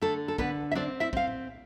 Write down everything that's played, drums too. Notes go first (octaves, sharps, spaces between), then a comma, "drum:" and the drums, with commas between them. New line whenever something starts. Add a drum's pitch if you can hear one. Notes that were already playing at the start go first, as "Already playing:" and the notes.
D3 A3 A4
A4
D3 B3 B4, drum: kick
E5
C4 D4 D5
E4 E5
C4 F5, drum: kick
drum: tom A2